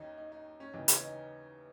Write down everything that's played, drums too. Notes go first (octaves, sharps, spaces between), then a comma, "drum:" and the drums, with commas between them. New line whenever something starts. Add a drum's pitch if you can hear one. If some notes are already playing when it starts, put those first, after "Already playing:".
Already playing: D#2 D#3 C#4 D#4
D#4
D#4
C#4
D#2 C#3 E3 D#4
C#4, drum: hi-hat
D#4